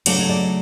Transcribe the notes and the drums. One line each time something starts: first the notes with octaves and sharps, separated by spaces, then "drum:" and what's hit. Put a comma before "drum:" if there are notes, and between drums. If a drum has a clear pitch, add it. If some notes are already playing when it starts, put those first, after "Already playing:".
C#3 F#3 A3 D4 D5, drum: cymbal
C#5
D5